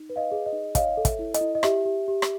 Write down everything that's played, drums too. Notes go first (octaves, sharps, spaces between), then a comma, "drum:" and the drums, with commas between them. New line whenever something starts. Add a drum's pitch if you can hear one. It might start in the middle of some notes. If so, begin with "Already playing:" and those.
Already playing: D#4
B4
D#5 F5
G#4
D#5
D#4
C#5 D#5 F5, drum: kick, hi-hat
A4
E5, drum: kick, hi-hat
E4
D#5, drum: hi-hat
E4
D#5
G4 E5, drum: rim click
G4
G4
drum: rim click